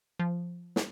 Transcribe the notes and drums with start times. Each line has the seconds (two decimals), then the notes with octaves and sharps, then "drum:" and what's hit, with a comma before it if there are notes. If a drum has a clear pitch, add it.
0.19 F3
0.76 drum: snare